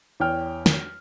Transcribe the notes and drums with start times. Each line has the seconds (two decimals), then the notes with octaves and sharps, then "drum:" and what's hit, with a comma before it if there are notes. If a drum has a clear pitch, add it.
0.20 E2 C#5 G5 F6
0.66 drum: snare